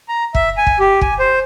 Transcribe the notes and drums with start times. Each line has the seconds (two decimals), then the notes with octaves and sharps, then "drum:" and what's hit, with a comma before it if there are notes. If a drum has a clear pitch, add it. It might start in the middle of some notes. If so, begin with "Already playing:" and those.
0.09 A#5
0.35 E5, drum: kick
0.57 G#5
0.67 drum: kick
0.80 G4
1.01 G#5, drum: kick
1.19 C5